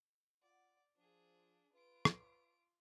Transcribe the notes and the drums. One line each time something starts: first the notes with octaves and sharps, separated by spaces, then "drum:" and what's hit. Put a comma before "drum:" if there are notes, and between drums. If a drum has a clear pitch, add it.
F4 D5 F#5
F3 D4 G#4
F4 B4 D7
drum: rim click